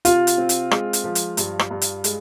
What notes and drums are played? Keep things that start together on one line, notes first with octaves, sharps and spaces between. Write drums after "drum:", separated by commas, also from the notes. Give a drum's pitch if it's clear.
C3 F4, drum: hi-hat
drum: hi-hat
C4
drum: hi-hat
G#3, drum: rim click
drum: hi-hat
F3
drum: hi-hat
G2, drum: hi-hat
drum: rim click
G2
drum: hi-hat
G#3, drum: hi-hat